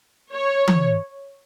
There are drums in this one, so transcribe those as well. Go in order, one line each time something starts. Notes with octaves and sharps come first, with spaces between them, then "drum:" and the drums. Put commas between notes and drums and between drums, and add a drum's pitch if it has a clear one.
C#5
drum: tom E3